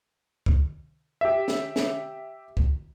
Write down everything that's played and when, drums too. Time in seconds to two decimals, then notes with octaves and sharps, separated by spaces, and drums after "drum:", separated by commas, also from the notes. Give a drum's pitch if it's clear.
0.46 drum: kick
1.21 G4 E5
1.48 drum: snare
1.76 drum: snare
2.57 drum: kick